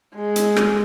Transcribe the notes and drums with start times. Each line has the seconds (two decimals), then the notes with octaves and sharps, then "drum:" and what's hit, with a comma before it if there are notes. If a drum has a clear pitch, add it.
0.15 G#3
0.36 drum: hi-hat
0.56 drum: rim click